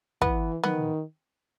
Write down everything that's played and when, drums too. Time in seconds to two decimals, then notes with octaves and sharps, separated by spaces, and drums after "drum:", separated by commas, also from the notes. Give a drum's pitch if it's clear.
0.21 E3 B3, drum: kick
0.64 D#3 B3, drum: tom